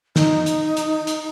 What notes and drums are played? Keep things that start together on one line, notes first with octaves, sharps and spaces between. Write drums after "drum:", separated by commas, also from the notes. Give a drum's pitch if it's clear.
D#4, drum: snare
drum: hi-hat
drum: hi-hat
drum: hi-hat